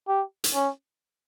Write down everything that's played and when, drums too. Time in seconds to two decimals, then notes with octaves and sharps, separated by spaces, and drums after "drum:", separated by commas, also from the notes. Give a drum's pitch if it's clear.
0.08 G4
0.44 drum: hi-hat
0.54 C#4